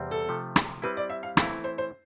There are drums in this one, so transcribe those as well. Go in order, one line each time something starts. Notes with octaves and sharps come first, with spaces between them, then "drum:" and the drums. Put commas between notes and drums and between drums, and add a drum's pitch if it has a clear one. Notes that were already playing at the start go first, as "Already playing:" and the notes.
Already playing: E2 C3 G3 C4
A4
C3 F3 A3
drum: rim click
G3 C4 E4 B4
D5
E5
F5
E3 A3 C4 E4 F5, drum: rim click
C5
C5